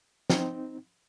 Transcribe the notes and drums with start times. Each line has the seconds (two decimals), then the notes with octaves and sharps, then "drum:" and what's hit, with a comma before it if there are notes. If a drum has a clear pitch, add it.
0.30 C4 D#4, drum: snare